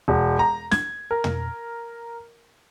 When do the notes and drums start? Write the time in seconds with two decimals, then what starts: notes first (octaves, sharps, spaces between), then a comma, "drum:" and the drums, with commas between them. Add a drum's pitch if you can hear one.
0.08 E1
0.39 A#5
0.71 G#6, drum: snare
1.11 A#4
1.24 drum: tom